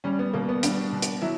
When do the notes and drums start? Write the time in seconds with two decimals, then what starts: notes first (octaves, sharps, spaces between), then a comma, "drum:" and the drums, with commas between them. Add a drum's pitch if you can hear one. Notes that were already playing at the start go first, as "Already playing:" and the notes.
0.04 G3 C#4
0.19 B3
0.33 B2 A#3
0.49 B3
0.63 G3 D4, drum: hi-hat
0.93 B2
1.02 drum: hi-hat
1.22 F#3 E4